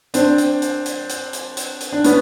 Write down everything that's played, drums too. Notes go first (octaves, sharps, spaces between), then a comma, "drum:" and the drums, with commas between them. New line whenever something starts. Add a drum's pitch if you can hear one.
C4 D4, drum: hi-hat
drum: hi-hat
drum: hi-hat
drum: hi-hat
drum: hi-hat
drum: hi-hat
drum: hi-hat
drum: hi-hat
D4
B3 C#4, drum: hi-hat